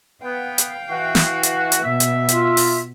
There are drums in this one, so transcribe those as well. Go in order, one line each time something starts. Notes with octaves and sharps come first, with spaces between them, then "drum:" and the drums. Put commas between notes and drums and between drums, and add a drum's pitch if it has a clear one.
B3 F5 G5
drum: hi-hat
E3 F#4
drum: snare
drum: hi-hat
drum: hi-hat
B2 E5
drum: hi-hat
F4, drum: hi-hat
drum: open hi-hat